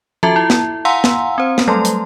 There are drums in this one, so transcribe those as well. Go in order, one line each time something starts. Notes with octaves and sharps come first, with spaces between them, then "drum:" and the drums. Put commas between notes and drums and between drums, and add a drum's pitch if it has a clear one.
F4 F#4 A4 E5 A5, drum: tom F3
E4
drum: snare
F5 F#5 G#5 A#5 C6 E6
drum: snare
C4 C5
drum: snare
F#3 G3 A3 A4 C6
drum: hi-hat